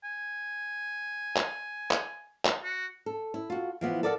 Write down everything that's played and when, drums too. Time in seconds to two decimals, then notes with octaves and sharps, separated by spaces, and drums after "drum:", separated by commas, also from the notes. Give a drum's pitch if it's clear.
0.04 G#5
1.36 drum: clap
1.91 drum: clap
2.45 drum: clap
2.64 F#4
3.06 A4
3.34 E4
3.50 F4 F#4
3.81 E3 F3 B3
4.03 A4 A#4 D5 D#5 F5 F#5